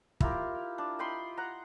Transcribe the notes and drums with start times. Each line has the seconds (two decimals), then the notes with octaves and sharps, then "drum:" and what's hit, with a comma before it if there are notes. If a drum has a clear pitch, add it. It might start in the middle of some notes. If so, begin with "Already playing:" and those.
0.20 E4 F4 G4 A#4, drum: kick
0.78 D4
0.99 D#5 G5 B5 C6
1.37 F#5 A#5